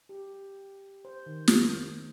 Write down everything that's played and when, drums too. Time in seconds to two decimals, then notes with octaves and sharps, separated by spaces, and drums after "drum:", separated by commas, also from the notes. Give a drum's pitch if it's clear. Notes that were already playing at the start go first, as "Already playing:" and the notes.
0.09 G4
1.05 C5
1.26 D#3
1.48 drum: snare